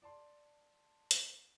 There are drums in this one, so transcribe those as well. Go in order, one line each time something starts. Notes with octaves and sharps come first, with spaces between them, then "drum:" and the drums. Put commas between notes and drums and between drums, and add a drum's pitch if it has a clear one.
D5 A5 C6
drum: hi-hat